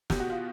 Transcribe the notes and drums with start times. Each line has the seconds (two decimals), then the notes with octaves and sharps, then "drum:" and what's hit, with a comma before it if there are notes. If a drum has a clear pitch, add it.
0.10 B2 G4, drum: snare
0.20 F#4
0.30 F4